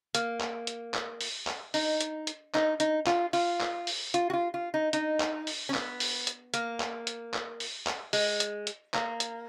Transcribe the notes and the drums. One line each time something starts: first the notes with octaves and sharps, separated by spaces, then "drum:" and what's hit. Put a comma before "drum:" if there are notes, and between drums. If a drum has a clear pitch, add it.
A#3, drum: hi-hat
drum: clap
drum: hi-hat
drum: clap
drum: open hi-hat
drum: clap
D#4, drum: open hi-hat
drum: hi-hat
drum: hi-hat
D#4, drum: clap
D#4, drum: hi-hat
F4, drum: clap
F4, drum: open hi-hat
drum: clap
drum: open hi-hat
F4, drum: hi-hat
F#4
F4
F4
D#4
D#4, drum: hi-hat
drum: clap
drum: open hi-hat
C#4
B3, drum: clap
drum: open hi-hat
drum: hi-hat
A#3, drum: hi-hat
drum: clap
drum: hi-hat
drum: clap
drum: open hi-hat
drum: clap
G#3, drum: open hi-hat
drum: hi-hat
drum: hi-hat
A#3, drum: clap
drum: hi-hat